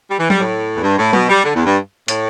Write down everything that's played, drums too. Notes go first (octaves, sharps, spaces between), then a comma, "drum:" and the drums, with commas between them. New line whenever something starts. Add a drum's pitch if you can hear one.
G3
E3
G3, drum: tom F#3
A2
E2
G2
A2
B2, drum: tom F#3
G3
D3
E2
G2
A2, drum: hi-hat